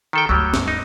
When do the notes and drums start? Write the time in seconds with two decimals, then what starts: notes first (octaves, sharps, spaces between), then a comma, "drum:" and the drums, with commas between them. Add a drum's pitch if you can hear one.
0.13 D#3 A4 G5
0.29 D2 G2 F#3 G3
0.54 G2, drum: snare
0.68 D#4